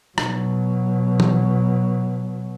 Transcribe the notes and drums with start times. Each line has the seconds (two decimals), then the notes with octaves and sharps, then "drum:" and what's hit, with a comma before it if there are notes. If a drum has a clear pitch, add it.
0.18 B2 F#3, drum: rim click
1.20 drum: tom E3